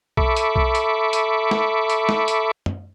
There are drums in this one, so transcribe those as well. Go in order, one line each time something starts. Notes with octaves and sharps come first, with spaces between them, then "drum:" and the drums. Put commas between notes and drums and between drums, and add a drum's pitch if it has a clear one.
A4 E5 B5 C#6 D6, drum: kick B1
drum: hi-hat
drum: kick B1
drum: hi-hat
drum: hi-hat
drum: snare
drum: hi-hat
drum: snare
drum: hi-hat
drum: tom